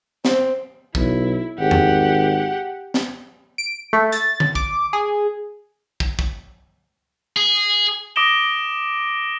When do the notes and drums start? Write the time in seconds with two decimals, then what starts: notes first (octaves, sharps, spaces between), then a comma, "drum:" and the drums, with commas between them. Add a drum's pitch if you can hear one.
0.25 C4, drum: snare
0.95 B1 E4, drum: kick
1.58 G#1 G4 F#5
1.71 drum: tom E2
2.94 drum: snare
3.58 D7
3.93 A3
4.12 A6, drum: hi-hat
4.40 drum: tom D3
4.55 D6, drum: kick
4.93 G#4
6.00 drum: kick
6.19 drum: kick
7.37 G#4
8.16 D6 D#6 A#6 D7 E7 G7